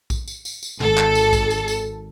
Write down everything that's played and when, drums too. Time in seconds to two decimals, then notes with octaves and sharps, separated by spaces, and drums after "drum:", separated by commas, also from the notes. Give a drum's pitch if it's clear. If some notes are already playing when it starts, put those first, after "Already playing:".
0.10 drum: kick A#1, tambourine
0.28 drum: tambourine
0.45 drum: tambourine
0.63 drum: tambourine
0.80 G#1 A4, drum: tom
0.98 drum: clap
1.15 drum: tambourine
1.33 drum: kick A#1, tambourine
1.50 drum: tambourine
1.68 drum: tambourine